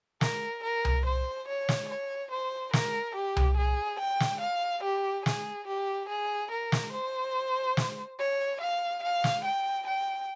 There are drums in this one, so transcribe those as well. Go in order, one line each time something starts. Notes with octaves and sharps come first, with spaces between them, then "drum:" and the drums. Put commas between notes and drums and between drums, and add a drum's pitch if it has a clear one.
A#4, drum: snare
A#4
drum: tom C2
C5
C#5
drum: snare
C#5
C5
A#4, drum: snare
G4
drum: tom C2
G#4
G5
drum: snare
F5
G4
G#4, drum: snare
G4
G#4
A#4
drum: snare
C5
drum: snare
C#5
F5
F5
drum: snare
G5
G5